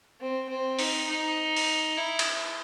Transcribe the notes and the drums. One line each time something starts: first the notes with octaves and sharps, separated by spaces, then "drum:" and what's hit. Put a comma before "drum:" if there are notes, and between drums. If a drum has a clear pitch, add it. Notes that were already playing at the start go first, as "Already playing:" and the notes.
C4
C4
D#4, drum: open hi-hat
D#4
drum: open hi-hat
E4
drum: cymbal